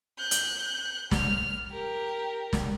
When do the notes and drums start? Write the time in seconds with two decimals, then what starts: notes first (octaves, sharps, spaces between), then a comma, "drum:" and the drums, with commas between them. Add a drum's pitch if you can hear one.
0.18 F#6 G6
0.31 drum: hi-hat
1.11 F6, drum: snare
1.72 G4 A#4
2.53 drum: snare